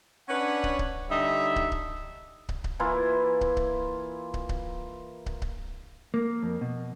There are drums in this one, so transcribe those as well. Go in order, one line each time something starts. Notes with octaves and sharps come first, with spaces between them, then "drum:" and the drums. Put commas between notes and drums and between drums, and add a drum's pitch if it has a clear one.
C#4 D4 B4 C#5 F#5
drum: kick
drum: kick
D3 G3 D#4 E5
drum: kick
drum: kick
drum: kick
drum: kick
E3 A#3 E4 F4
drum: kick
drum: kick
drum: kick
drum: kick
drum: kick
drum: kick
A#3
F2
B2